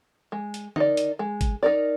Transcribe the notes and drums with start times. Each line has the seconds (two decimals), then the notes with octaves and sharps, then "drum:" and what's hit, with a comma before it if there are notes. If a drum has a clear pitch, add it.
0.32 G#3
0.54 drum: hi-hat
0.76 D#4 A#4 D5, drum: tom D3
0.97 drum: hi-hat
1.19 G#3
1.41 drum: kick G1, hi-hat
1.63 D#4 A#4 D5